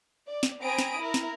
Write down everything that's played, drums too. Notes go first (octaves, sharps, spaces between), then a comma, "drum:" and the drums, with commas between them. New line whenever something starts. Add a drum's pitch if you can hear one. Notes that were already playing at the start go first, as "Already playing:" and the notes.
D5
drum: snare
C4 G#5 A#5 B5 D#6 D7
drum: snare
E4 A#4
drum: snare